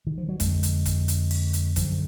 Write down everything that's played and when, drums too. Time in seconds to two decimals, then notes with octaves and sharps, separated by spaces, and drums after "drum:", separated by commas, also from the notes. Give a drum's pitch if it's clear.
0.07 D#3
0.18 F3
0.29 F#3
0.40 F2 D3 G#3, drum: kick, hi-hat
0.63 drum: hi-hat
0.85 drum: kick, hi-hat
1.08 drum: hi-hat
1.31 drum: open hi-hat
1.53 drum: hi-hat
1.76 F#2 D3 F3, drum: kick, hi-hat